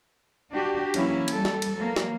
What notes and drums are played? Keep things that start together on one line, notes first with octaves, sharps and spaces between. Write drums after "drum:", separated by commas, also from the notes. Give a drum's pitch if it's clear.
D4 F#4 G4
E3 F#3 A#3 C#4 E4, drum: cymbal
G3 A4, drum: cymbal
drum: snare
drum: cymbal
E3 F#3 A#3
drum: snare